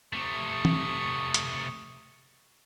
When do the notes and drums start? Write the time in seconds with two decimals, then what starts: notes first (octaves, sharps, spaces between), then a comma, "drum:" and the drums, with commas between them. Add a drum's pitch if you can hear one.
0.13 C3 A3 C#6 D#6
0.65 drum: tom
1.34 drum: hi-hat